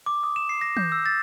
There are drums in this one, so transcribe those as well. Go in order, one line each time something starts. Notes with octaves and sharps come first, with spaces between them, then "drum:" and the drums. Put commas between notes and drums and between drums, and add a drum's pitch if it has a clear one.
D6
D#6
E7
C7
A#6
G6, drum: tom
E6
A6